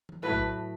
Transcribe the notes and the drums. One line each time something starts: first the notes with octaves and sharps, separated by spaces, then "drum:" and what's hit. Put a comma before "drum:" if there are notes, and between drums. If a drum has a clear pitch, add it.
drum: tom E3
A2 F#3 A3 B4
drum: kick A#1